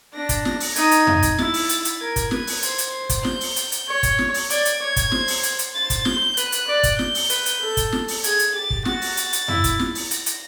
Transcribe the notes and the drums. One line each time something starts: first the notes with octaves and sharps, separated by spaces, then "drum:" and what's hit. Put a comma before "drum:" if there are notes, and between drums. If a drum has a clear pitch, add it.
D4 A#6
drum: kick, hi-hat
A#6, drum: snare
drum: open hi-hat
D#4 G#6, drum: hi-hat
drum: hi-hat
drum: tom F2
drum: kick, hi-hat
E4 A6, drum: snare
drum: open hi-hat
A6, drum: hi-hat
drum: hi-hat
A#4 G#6
drum: kick, hi-hat
B4, drum: snare
drum: open hi-hat
C5, drum: hi-hat
drum: hi-hat
drum: kick, hi-hat
G6, drum: snare
drum: open hi-hat
drum: hi-hat
drum: hi-hat
C#5
drum: kick, hi-hat
drum: snare
drum: open hi-hat
D5 G#6, drum: hi-hat
drum: hi-hat
C#5
drum: kick, hi-hat
C5, drum: snare
drum: open hi-hat
drum: hi-hat
drum: hi-hat
C5 A6
drum: kick, hi-hat
G6, drum: snare
B4 F#6, drum: hi-hat
drum: hi-hat
D5
drum: kick, hi-hat
G6, drum: snare
drum: open hi-hat
B4, drum: hi-hat
drum: hi-hat
A4
drum: kick, hi-hat
drum: snare
drum: open hi-hat
G#4 G#6, drum: hi-hat
drum: hi-hat
G4 A6
drum: kick
F#4 A6, drum: snare
drum: open hi-hat
drum: hi-hat
drum: hi-hat
E4, drum: tom F2
drum: kick, hi-hat
drum: snare
drum: open hi-hat
A#6, drum: hi-hat
drum: hi-hat